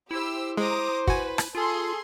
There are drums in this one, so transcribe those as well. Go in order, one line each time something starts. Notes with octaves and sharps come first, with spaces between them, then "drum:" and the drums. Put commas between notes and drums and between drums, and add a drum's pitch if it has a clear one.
E4 G4 C5 E6
G#3 C5 A#5 D6 D#6
F#4 B4 G#5, drum: kick
drum: rim click
F4 G#4 A4 C6